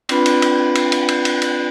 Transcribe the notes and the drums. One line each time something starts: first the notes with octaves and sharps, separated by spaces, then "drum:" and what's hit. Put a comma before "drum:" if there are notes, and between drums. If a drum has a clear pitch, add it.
C4 D4 F4 B4 B5, drum: cymbal
drum: cymbal
drum: cymbal
drum: cymbal
drum: cymbal
drum: cymbal
drum: cymbal
drum: cymbal